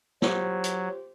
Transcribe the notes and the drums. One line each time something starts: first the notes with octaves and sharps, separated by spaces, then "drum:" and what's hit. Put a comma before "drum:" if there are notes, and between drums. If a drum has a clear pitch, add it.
F#3 F4 G4 C5, drum: snare
drum: hi-hat